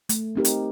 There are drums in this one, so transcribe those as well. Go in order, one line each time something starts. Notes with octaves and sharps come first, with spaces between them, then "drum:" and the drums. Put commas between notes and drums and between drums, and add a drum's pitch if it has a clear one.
A3, drum: hi-hat
C4 D#4 G4 A#4
drum: hi-hat